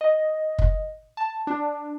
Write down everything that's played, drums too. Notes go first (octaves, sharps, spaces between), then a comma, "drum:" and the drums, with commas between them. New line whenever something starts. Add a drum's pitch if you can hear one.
D#5
drum: kick
A5
D4